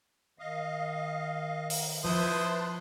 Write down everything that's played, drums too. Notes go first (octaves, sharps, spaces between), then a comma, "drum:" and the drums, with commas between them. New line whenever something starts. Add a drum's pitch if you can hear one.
D#3 D#5 F5
drum: open hi-hat
F3 E4 B4 C5 A5 C6 D#6